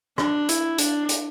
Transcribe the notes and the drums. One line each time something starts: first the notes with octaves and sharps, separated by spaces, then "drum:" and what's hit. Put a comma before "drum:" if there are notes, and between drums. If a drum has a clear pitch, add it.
D4, drum: rim click
E4, drum: hi-hat
D4, drum: hi-hat
drum: hi-hat